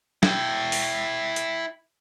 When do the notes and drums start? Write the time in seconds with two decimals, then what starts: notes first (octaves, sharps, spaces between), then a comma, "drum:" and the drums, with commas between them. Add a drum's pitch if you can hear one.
0.23 E4 G5, drum: snare
0.72 drum: open hi-hat
1.36 drum: hi-hat